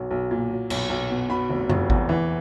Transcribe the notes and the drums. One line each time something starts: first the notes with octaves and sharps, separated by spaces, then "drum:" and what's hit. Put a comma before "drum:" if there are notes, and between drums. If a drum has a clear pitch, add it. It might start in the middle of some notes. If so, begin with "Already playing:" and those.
Already playing: B1 F#3
B1
A#2
F#3
B1, drum: cymbal
B1
B2
B2 B5
F1
F1, drum: tom F#2
E2, drum: kick G#1
E3